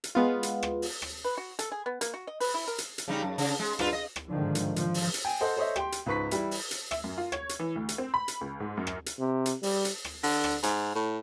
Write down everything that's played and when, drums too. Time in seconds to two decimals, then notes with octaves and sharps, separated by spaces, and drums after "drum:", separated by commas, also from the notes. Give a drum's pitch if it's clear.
0.04 drum: hi-hat
0.15 G#3 B3 F4
0.43 drum: hi-hat
0.63 drum: rim click
0.82 drum: open hi-hat
1.02 drum: rim click
1.25 B4
1.38 F#4
1.59 A4, drum: hi-hat
1.72 G#4
1.86 B3
2.01 A#3, drum: hi-hat
2.14 F#4
2.27 D#5
2.40 B4, drum: open hi-hat
2.54 E4
2.67 A#4
2.78 drum: hi-hat
2.98 drum: hi-hat
3.08 C#3 G3 D#4
3.22 F#2
3.38 C#3, drum: open hi-hat
3.60 G#3
3.79 G2 F4 B4, drum: rim click
3.93 D#5
4.16 drum: rim click
4.28 G#2 D3 D#3 F3
4.55 drum: hi-hat
4.76 F3, drum: hi-hat
4.94 drum: open hi-hat
5.14 drum: hi-hat
5.25 G5 G#5
5.40 A4 C5 D#5 F#5
5.57 A4 C5 C#5 D#5 E5
5.76 G4 G5 C6, drum: rim click
5.92 drum: hi-hat
6.06 C#2 G#2 B4 C#6 B6
6.31 E3 G3 E4, drum: hi-hat
6.51 drum: open hi-hat
6.71 drum: hi-hat
6.91 E5, drum: rim click
7.04 F#2
7.17 F4
7.32 C#5, drum: rim click
7.49 drum: hi-hat
7.60 E3
7.76 D2
7.89 drum: hi-hat
7.98 C4
8.14 B5
8.28 drum: hi-hat
8.41 C#2
8.60 G#2
8.77 F#2
8.87 drum: rim click
9.06 drum: hi-hat
9.19 C3
9.46 drum: hi-hat
9.63 G3, drum: open hi-hat
9.85 drum: hi-hat
10.04 drum: rim click
10.23 D3, drum: open hi-hat
10.44 drum: rim click
10.63 G#2, drum: hi-hat
10.95 A2